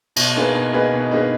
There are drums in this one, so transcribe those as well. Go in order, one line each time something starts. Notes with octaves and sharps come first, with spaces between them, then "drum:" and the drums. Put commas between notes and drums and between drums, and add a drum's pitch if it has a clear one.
B2, drum: cymbal
A#3 D#4 G#4 B4
B2
A#3 D#4 G#4 B4
B2
A#3 D#4 G#4 B4